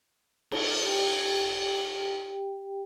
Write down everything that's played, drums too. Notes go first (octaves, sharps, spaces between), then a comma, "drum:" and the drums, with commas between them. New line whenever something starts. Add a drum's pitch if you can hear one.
drum: cymbal
G4 G5